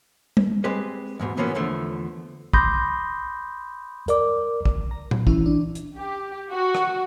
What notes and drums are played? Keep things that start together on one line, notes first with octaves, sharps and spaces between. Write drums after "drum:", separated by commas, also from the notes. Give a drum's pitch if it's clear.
drum: tom G3
G#3 C4 G4 B4 D#5
E2 G#2 B2
B2 E3 F3 A#3 B3 C#4
E2 D3 F3 A3
B5 C6 D6 D#6 G6 A#6, drum: kick
A#4 D5 D6, drum: hi-hat
drum: kick
A#5
drum: tom A#2
E3 C#4 E4, drum: kick
D4
drum: hi-hat
G4
F#4
drum: rim click